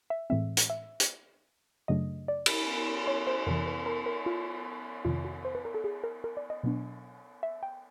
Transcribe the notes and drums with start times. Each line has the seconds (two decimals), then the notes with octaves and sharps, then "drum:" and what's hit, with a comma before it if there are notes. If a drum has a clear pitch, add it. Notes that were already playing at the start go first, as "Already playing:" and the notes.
0.10 E5
0.30 A2 E3 G#3 C4 E5
0.57 drum: hi-hat
0.70 E5
1.00 drum: hi-hat
1.88 F#2 C#3 F#3 A3 D4 D#5
2.28 D5
2.46 drum: cymbal
3.07 C#5
3.27 C5
3.47 F2 C3 E3 A#4
3.66 B4
3.86 A#4
4.06 A#4
4.26 F4
5.05 F2 C3 D#3 F4
5.25 F#4
5.45 C5
5.55 B4
5.65 A#4
5.74 A4
5.84 G#4
6.04 A#4
6.24 A#4
6.37 D5
6.50 D#5
6.63 B2 F#3 B3 D4
7.43 E5
7.63 G5